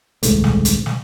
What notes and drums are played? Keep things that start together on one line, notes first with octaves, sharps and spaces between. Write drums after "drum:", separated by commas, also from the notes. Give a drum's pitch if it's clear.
D#1 C2 G#2 A3, drum: hi-hat
drum: snare
drum: hi-hat
drum: snare